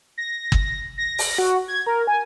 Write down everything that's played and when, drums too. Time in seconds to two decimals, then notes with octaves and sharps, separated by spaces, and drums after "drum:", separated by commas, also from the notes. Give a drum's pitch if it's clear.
0.18 A#6
0.52 drum: kick G1
0.98 A#6
1.18 drum: open hi-hat
1.38 F#4
1.68 G#6
1.86 A#4
2.07 G#5